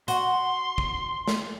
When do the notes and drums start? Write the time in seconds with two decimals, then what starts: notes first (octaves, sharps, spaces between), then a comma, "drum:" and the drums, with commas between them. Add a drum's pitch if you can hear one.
0.08 F#4 C6, drum: hi-hat
0.78 drum: kick
1.28 drum: snare